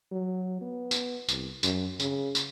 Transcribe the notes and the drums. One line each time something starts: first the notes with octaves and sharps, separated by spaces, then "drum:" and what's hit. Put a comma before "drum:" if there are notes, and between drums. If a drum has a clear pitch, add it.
F#3
B3
drum: tambourine
C2, drum: tambourine
F#2, drum: tambourine
C#3, drum: tambourine
drum: tambourine